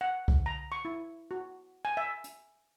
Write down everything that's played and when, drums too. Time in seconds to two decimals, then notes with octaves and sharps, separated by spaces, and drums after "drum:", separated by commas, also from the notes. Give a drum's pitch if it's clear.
0.01 F#5
0.28 drum: kick C2
0.46 A#5
0.72 C#6
0.85 E4
1.31 F#4
1.85 G#5
1.97 E5
2.24 drum: hi-hat